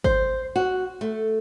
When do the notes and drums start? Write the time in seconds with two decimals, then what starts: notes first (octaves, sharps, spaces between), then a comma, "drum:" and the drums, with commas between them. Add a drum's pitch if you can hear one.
0.04 C5, drum: kick G#1
0.56 F#4
1.01 A3